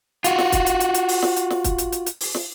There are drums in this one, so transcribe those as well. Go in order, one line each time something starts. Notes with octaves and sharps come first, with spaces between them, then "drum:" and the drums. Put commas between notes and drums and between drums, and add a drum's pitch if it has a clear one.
F4 F#4, drum: hi-hat
drum: snare
drum: kick, hi-hat
drum: hi-hat
drum: hi-hat
drum: hi-hat
drum: open hi-hat
drum: snare
drum: hi-hat
drum: snare
drum: kick, hi-hat
drum: hi-hat
drum: hi-hat
drum: hi-hat
drum: open hi-hat
drum: snare